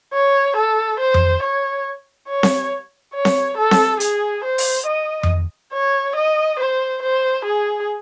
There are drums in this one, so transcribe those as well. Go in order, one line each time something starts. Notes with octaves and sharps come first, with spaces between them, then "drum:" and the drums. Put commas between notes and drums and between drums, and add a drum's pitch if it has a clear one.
C#5
A4
C5
drum: tom F2
C#5
C#5
drum: snare C4
C#5
drum: snare C4
A4
drum: snare C4
G#4, drum: hi-hat
C5
drum: open hi-hat
D#5
drum: tom F2
C#5
D#5
C5
C5
G#4